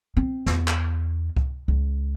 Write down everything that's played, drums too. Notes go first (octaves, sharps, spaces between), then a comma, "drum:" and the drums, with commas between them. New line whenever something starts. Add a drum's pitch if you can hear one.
C4
E2, drum: snare
drum: clap
drum: kick C2
C#2